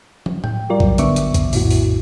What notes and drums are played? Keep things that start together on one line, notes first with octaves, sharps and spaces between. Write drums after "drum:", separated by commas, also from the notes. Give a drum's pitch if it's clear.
drum: tom
G5, drum: tom A2
F#3 G3 F4 A#4 D5
drum: kick B1
G#1 D3 B3 E5 C#6 D6, drum: hi-hat
drum: hi-hat
drum: kick B1, hi-hat
A#1 F2 A2 E4 F#4, drum: open hi-hat
drum: open hi-hat